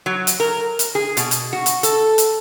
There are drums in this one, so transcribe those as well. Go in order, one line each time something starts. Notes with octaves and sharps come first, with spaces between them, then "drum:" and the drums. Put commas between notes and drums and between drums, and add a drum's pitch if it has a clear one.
F#3
drum: hi-hat
A#4
drum: hi-hat
G#4
B2, drum: hi-hat
drum: hi-hat
F#4
drum: hi-hat
A4, drum: hi-hat
drum: hi-hat